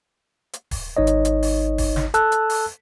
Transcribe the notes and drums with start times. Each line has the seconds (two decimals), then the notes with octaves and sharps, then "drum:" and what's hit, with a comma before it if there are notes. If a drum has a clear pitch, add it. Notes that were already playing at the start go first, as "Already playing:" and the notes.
0.53 drum: hi-hat
0.71 drum: kick D1, open hi-hat
0.97 G#1 D#4 C#5 D#5
1.07 drum: hi-hat
1.25 drum: hi-hat
1.43 drum: open hi-hat
1.78 drum: kick D1, open hi-hat
1.96 drum: snare
2.14 A4 A5 E6 F#6, drum: hi-hat
2.32 drum: hi-hat
2.50 drum: open hi-hat